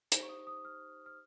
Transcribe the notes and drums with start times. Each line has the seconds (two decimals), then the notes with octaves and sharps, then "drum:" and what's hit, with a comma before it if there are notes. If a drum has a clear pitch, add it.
0.12 D#4 G4 C5, drum: hi-hat
0.23 C#6
0.29 D#6
0.47 D#6
0.65 F6
1.06 F6